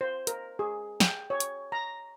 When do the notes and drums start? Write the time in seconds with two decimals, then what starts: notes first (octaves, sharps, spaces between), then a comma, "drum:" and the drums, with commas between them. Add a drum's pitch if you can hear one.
0.01 C5
0.27 A#4, drum: hi-hat
0.59 G#4
1.00 G5, drum: snare
1.30 C#5
1.40 drum: hi-hat
1.72 A#5